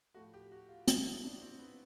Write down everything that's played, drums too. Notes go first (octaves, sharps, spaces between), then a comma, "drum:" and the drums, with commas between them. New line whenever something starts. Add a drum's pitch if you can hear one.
A2 F3 A3 F#4
G4
F#4
F4
E4, drum: hi-hat
D#4
D4
C4
B3